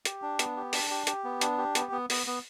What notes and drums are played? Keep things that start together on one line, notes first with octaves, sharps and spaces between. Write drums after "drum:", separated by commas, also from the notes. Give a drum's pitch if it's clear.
G4, drum: hi-hat
D4
B3, drum: hi-hat
G4
D4, drum: open hi-hat
G4
G4, drum: hi-hat
B3
D4, drum: hi-hat
G4
B3, drum: hi-hat
B3
B3, drum: open hi-hat
B3